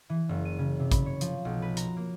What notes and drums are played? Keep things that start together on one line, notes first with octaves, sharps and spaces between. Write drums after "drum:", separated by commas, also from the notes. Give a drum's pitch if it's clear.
E3
F#1
D#7
C#3
C3
B5, drum: kick, hi-hat
C#5
F3, drum: hi-hat
B1
B4
A#5, drum: hi-hat
A#3